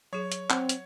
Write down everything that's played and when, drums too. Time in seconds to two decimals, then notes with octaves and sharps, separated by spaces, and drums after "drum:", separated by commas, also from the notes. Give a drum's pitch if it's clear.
0.13 F#3 G#4 C#5
0.32 drum: hi-hat
0.50 C4 F#5, drum: clap
0.69 drum: hi-hat